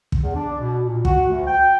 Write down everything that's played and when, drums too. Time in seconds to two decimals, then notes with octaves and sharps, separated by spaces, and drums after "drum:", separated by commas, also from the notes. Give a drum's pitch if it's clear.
0.12 drum: kick
0.22 E2
0.36 D4
0.60 B2
0.84 A#2
1.05 F#4, drum: kick
1.28 D2
1.47 G5